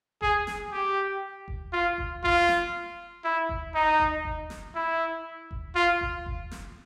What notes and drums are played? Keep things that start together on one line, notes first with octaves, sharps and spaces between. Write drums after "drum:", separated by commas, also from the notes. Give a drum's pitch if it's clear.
G#4, drum: kick F#1
drum: snare
G4
drum: kick F#1
F4
drum: kick F#1
F4, drum: kick F#1
drum: snare
E4
drum: kick F#1
D#4
drum: kick F#1
drum: kick F#1
drum: snare
E4
drum: kick F#1
F4
drum: kick F#1
drum: kick F#1
drum: snare